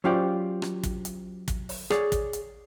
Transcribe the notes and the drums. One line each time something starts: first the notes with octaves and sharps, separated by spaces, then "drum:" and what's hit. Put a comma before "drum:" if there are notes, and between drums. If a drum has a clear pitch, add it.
F#3 C#4 F4 G4 C5 D5
drum: rim click
drum: kick, hi-hat
drum: hi-hat
drum: kick, hi-hat
drum: open hi-hat
G#4 C#5 D5, drum: rim click
drum: kick, hi-hat
drum: hi-hat